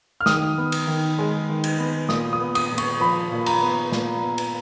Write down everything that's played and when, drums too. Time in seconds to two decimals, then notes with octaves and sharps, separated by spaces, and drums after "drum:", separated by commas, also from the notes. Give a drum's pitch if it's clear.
0.21 F6
0.26 D#3 D#6, drum: snare
0.58 B3
0.72 drum: cymbal
0.87 D#3
1.19 G#3
1.49 D#3
1.64 drum: cymbal
1.78 B3
2.09 A#2 D#6, drum: snare
2.33 D#6
2.40 B3
2.55 D#6, drum: cymbal
2.71 A#2
2.78 C#6, drum: cymbal
3.00 F3 B5
3.32 A#2
3.46 A#5, drum: cymbal
3.62 B3
3.92 A#2, drum: snare
4.23 B3
4.38 drum: cymbal